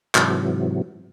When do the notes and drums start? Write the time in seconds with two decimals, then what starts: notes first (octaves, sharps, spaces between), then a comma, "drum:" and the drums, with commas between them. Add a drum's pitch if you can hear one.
0.15 G#2 C3 E3 F#3, drum: clap